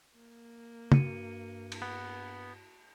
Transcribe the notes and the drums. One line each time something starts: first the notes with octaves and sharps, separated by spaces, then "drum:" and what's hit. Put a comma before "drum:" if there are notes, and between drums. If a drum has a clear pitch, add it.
A#3
G2 F#4 C#7 D#7, drum: tom
drum: cymbal
B3